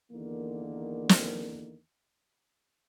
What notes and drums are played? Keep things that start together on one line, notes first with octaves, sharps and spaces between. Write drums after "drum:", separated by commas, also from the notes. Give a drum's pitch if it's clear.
E2 D3 D#3 A#3
drum: snare